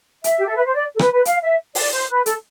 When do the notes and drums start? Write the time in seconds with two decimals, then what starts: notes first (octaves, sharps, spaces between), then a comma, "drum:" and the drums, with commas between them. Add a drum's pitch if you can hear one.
0.24 E5, drum: hi-hat
0.38 G4
0.46 A4
0.56 B4
0.65 C5
0.74 D5
0.96 A4
0.99 B4, drum: rim click
1.12 B4
1.25 F5, drum: hi-hat
1.42 E5
1.75 D5, drum: open hi-hat
1.92 C5
2.09 B4
2.26 A4, drum: hi-hat